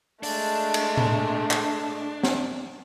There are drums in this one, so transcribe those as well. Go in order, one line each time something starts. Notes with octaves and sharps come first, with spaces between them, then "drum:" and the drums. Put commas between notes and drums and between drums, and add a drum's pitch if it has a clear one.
G#3 A3 D4, drum: open hi-hat
drum: cymbal
drum: tom A2
drum: clap
drum: snare